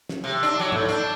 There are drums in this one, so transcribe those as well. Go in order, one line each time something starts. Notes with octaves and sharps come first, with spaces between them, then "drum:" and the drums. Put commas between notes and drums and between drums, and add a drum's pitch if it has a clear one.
drum: snare
C3
D4
F#3
A2, drum: tom
D4